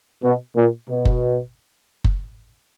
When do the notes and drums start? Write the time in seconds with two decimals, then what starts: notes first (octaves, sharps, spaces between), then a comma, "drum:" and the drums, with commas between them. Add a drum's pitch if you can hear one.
0.23 B2
0.56 A#2
0.89 B2
1.05 drum: kick F#1
2.04 drum: kick F#1